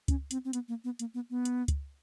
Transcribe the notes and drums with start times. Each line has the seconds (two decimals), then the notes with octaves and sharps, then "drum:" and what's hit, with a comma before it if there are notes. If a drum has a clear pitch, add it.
0.08 C#4, drum: kick, hi-hat
0.31 C4, drum: hi-hat
0.45 C4
0.53 B3, drum: hi-hat
0.68 A#3
0.84 B3
0.99 A#3, drum: hi-hat
1.14 B3
1.30 B3
1.45 drum: hi-hat
1.68 drum: kick, hi-hat